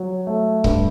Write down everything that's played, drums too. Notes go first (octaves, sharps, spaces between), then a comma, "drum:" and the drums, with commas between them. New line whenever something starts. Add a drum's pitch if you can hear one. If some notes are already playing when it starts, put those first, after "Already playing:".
Already playing: F#3
A3
G2, drum: kick C#1